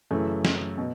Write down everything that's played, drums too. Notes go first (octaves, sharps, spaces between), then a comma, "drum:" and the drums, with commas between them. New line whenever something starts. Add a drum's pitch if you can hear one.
F#2 C#3 E3 A3
drum: snare
B2